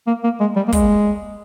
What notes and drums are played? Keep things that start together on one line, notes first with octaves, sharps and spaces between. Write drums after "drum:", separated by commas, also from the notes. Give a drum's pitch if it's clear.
A#3
A#3
G#3
G3
A#3
G#3, drum: kick, hi-hat